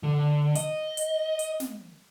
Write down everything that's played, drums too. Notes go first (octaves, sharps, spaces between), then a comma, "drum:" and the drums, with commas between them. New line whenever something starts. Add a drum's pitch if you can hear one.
D3
D#5, drum: hi-hat
drum: hi-hat
drum: hi-hat
drum: snare